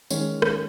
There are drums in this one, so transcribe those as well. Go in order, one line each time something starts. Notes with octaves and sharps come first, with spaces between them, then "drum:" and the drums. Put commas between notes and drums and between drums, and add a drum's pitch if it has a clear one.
D#3 G#3 C#4 C#5, drum: tambourine
drum: rim click